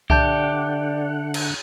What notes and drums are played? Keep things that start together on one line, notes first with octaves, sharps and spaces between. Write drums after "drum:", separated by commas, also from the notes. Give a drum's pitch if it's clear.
D3 G4 D5 E5 F#5 A5 G6, drum: kick C2
drum: cymbal